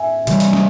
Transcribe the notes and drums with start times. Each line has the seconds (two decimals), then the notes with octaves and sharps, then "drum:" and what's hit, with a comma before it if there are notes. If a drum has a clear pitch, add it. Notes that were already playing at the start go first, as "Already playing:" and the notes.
Already playing: E5 G#5
0.27 C3 E3 G3, drum: hi-hat
0.40 drum: hi-hat
0.53 drum: snare